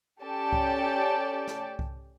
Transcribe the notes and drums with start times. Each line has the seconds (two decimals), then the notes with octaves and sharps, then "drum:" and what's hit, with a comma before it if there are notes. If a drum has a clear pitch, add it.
0.21 C#4 G4 A4 D5 G5 A5
0.53 drum: kick C2
1.47 drum: snare
1.79 drum: kick C2